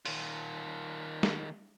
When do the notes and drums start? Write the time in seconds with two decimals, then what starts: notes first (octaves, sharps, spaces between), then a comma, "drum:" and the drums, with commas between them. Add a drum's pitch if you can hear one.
0.06 D#3 F4, drum: open hi-hat
1.23 drum: snare